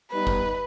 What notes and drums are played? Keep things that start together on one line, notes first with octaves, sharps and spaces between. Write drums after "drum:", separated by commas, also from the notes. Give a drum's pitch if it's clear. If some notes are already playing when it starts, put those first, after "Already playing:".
G3 B3 D#4 B4
drum: kick